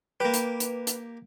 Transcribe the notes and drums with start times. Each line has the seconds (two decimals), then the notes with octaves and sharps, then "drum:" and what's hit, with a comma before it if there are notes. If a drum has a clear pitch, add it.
0.20 A#3 G4 B4
0.34 drum: hi-hat
0.60 drum: hi-hat
0.87 drum: hi-hat